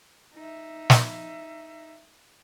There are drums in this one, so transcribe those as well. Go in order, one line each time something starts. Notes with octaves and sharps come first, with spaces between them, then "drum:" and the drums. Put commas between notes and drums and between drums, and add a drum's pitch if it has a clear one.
D#4 E5
drum: snare